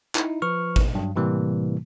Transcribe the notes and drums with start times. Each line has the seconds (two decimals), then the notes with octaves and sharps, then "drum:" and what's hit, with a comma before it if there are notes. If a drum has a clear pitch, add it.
0.15 D#4 E4, drum: clap
0.42 F3 B4 C#6 F6
0.76 drum: kick
0.95 G2 F#3
1.16 A2 C3 E3 G3 A#3